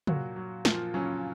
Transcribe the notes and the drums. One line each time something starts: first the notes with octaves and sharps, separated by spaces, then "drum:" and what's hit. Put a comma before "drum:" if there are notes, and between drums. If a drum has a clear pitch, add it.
A#2 F#3 F#4, drum: tom
F#3
A#2 F3 F4, drum: snare
C#3 F#3 C#4